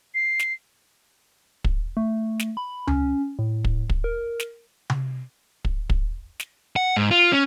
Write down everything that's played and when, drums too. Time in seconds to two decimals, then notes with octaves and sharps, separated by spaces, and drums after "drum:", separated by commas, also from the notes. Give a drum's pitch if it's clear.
0.14 C7
0.39 drum: snare
1.64 drum: kick
1.97 A3
2.39 drum: snare
2.57 B5
2.87 C#4, drum: tom C#2
3.39 A2
3.65 drum: kick
3.90 drum: kick
4.04 A#4
4.40 drum: snare
4.90 drum: tom C3
5.65 drum: kick
5.90 drum: kick
6.40 drum: snare
6.76 F#5
6.97 G#2
7.11 F4
7.32 C#4